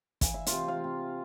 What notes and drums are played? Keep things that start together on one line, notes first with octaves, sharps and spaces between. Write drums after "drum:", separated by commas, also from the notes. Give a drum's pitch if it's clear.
E3 F5, drum: kick, hi-hat
E5
F4 F5, drum: hi-hat
C3
F4 F5
C3